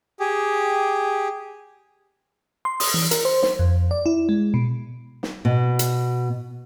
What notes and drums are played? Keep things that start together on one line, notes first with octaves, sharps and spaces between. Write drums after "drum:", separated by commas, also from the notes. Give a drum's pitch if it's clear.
G4 G#4
C6
D#6, drum: open hi-hat
E3
A#4, drum: hi-hat
C5
C5, drum: snare
F2
D5
E4
G#3
B2
drum: snare
B2
drum: hi-hat